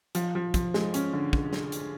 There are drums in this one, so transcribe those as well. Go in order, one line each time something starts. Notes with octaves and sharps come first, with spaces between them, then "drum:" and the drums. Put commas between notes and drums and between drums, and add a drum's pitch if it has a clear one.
F3, drum: hi-hat
F3
F3, drum: kick, hi-hat
G#3, drum: snare
C#4, drum: hi-hat
D3
drum: kick
drum: snare
drum: hi-hat